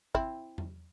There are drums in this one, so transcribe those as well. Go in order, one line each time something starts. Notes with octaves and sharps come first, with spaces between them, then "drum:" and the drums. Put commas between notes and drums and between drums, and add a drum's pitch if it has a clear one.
C4 E4, drum: kick
drum: tom E2